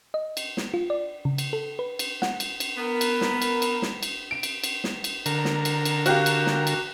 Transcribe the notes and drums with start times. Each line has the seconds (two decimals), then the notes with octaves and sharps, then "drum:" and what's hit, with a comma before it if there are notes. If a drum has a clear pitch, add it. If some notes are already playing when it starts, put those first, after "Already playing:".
0.14 D#5
0.37 drum: cymbal
0.57 drum: snare
0.74 F4
0.90 D5
1.25 C#3
1.38 drum: cymbal
1.53 A4
1.79 B4
1.99 drum: cymbal
2.22 F#5, drum: snare
2.40 drum: cymbal
2.60 drum: cymbal
2.77 B3 A#4
3.01 drum: cymbal
3.21 drum: snare
3.42 drum: cymbal
3.62 drum: cymbal
3.82 drum: snare
4.03 drum: cymbal
4.31 D7
4.43 drum: cymbal
4.64 drum: cymbal
4.84 drum: snare
5.04 drum: cymbal
5.26 D3 A#4, drum: cymbal
5.45 drum: snare
5.65 drum: cymbal
5.85 drum: cymbal
6.06 F#4 G4 F5, drum: cymbal
6.26 drum: cymbal
6.46 drum: snare
6.67 drum: cymbal